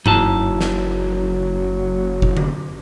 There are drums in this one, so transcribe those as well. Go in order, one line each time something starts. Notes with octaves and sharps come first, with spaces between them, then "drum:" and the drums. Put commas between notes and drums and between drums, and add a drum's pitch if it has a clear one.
F#1 F#3 D#4 E4 A5, drum: tom G2
drum: snare
drum: kick F#1
drum: tom D3